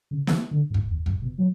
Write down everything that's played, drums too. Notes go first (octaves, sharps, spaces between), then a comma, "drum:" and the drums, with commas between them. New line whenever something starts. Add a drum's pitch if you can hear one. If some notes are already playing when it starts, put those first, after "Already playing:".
C#3
E3, drum: snare
D3
A2
G#2, drum: kick
E2
F#2, drum: kick
B2
F#3